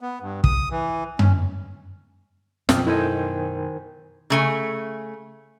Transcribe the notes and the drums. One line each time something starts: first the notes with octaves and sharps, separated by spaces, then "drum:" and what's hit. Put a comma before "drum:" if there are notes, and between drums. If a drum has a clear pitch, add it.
B3
G2
D#6, drum: kick
E3
C#4, drum: tom F#2
F#2 B2 F3 C4 D6 D#6 F6, drum: snare
D#3 E4 A4 C5 D#5 G#5
C#3 A3 G#5